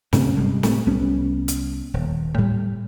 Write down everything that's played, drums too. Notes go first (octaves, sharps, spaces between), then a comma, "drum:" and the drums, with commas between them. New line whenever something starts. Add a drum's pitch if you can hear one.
G2 C#3 A3 C#4, drum: snare
G1 C3 G3 G#3
A2 A3, drum: snare
C2 G3 B3 C#4
drum: hi-hat
D#1
A2 G3